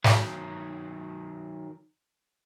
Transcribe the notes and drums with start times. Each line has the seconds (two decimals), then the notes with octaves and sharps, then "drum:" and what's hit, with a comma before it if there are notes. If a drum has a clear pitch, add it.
0.04 D#3 F#3, drum: snare